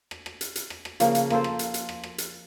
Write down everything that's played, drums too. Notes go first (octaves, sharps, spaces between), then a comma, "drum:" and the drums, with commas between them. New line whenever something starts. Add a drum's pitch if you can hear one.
drum: rim click
drum: rim click
drum: hi-hat
drum: hi-hat
drum: rim click
drum: rim click
C#3 F3 A#3, drum: hi-hat
drum: hi-hat
A#3 F4 A4 C5, drum: rim click
drum: rim click
drum: hi-hat
drum: hi-hat
drum: rim click
drum: rim click
drum: hi-hat